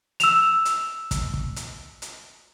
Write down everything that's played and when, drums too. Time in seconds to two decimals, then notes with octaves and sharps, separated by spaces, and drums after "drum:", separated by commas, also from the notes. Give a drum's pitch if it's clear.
0.20 E6 E7 F7, drum: hi-hat
0.65 drum: hi-hat
1.11 drum: kick, hi-hat
1.34 drum: kick
1.56 drum: hi-hat
2.02 drum: hi-hat